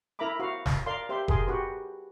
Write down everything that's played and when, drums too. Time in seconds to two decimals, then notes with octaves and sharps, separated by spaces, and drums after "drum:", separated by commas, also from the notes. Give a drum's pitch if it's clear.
0.19 E4 A#4 E5 A#5 B5 D6
0.40 F#4 C5 F5
0.66 drum: snare
0.86 A#4 D5 F5 C6
1.09 G4 C5 E5 C6
1.28 G#4 A#4 G#5 C6 D6, drum: kick F1
1.47 F#4 G4 B4 C6